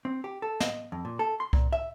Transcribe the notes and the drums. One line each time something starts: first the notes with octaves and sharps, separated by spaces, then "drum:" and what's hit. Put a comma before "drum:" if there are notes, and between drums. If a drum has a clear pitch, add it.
C4
G4
A4
D#5, drum: snare
F2
A#2
A4
C6
A#2, drum: kick C2
E5